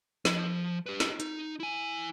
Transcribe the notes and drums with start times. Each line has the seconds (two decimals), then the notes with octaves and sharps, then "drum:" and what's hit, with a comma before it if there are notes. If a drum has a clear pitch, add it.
0.25 F3, drum: snare
0.86 G4 B4
1.00 drum: snare
1.20 D#4, drum: hi-hat
1.60 E4 G#5